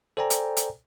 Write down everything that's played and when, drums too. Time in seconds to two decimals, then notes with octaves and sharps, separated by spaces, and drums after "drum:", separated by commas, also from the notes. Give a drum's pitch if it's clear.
0.17 A4 C5 D5 G5 G#5 A#5
0.30 drum: hi-hat
0.57 drum: hi-hat